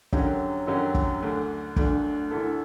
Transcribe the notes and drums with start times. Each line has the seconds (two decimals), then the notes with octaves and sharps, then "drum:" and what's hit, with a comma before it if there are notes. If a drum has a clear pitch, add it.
0.13 F#2 D3 F#3 C#4 G4, drum: kick
0.67 F#2 D3 F#3 C#4 G4
0.94 drum: kick
1.22 D2 D3 A3 D4
1.76 D2 D3 A3 D4, drum: kick
2.31 D2 D3 A3 E4 A4